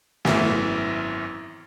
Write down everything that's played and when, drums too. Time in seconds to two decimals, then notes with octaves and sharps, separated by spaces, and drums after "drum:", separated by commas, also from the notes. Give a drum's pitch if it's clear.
0.25 G#1 F#2 B2 E3 E5, drum: snare